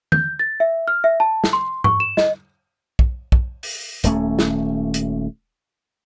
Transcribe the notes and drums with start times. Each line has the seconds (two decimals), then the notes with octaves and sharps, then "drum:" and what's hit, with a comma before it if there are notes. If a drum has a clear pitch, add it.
0.12 G6, drum: tom
0.39 A6
0.60 E5
0.88 F6
1.04 E5
1.20 A5
1.44 drum: snare
1.53 C6
1.84 C#6, drum: tom G#2
2.00 E7
2.17 D#5, drum: snare
2.99 drum: kick
3.32 drum: kick
3.63 drum: open hi-hat
4.04 D#1 D#2 A3 C#4, drum: hi-hat
4.39 drum: snare
4.94 drum: hi-hat